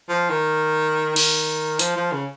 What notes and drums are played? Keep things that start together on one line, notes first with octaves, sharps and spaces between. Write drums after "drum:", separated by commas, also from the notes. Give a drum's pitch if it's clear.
F3
D#3
D#3, drum: cymbal
F3, drum: hi-hat
F3
C#3